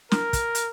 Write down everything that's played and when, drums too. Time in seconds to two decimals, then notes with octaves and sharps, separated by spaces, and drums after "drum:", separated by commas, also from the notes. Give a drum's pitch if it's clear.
0.12 A#4, drum: snare
0.33 drum: kick, hi-hat
0.55 drum: hi-hat